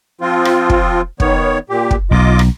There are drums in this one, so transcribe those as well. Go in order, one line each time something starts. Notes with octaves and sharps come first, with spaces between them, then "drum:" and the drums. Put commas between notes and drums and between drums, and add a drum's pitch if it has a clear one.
F3 C4 F4
drum: rim click
drum: kick
D#3 B3 C#5, drum: kick
A#2 G4
drum: kick
B1 F4 D#5 D6
drum: rim click